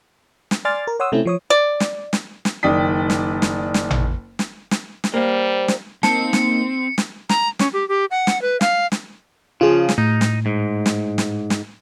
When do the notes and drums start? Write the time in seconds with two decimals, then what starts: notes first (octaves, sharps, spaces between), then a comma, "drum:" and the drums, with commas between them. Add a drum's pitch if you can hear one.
0.51 drum: snare
0.65 D5 G#5 C6 D6 F6 A6
0.87 A#4
1.00 C#5 F#5 C6 D#6 E6
1.12 C3 A3 C4 C#4 E4
1.25 F3 C#5 D#6
1.50 D5
1.80 drum: snare
2.13 drum: snare
2.45 drum: snare
2.63 F#1 D#3 D5 G5 D#6 B6
3.10 drum: snare
3.42 drum: snare
3.74 drum: snare
3.91 drum: tom A1
4.39 drum: snare
4.71 drum: snare
5.04 drum: snare
5.14 G3 A#3 C5
5.68 drum: snare
6.03 A#3 C4 D#4 A5 C#7, drum: snare
6.33 drum: snare
6.98 drum: snare
7.29 A#5, drum: snare
7.59 C#4, drum: snare
7.73 G4
7.89 G4
8.11 F#5
8.27 drum: snare
8.42 B4
8.61 F5, drum: snare
8.92 drum: snare
9.61 C#3 F3 F4 G#4
9.89 drum: snare
9.98 A2 D#4
10.21 drum: snare
10.46 G#2
10.86 drum: snare
11.18 drum: snare
11.50 drum: snare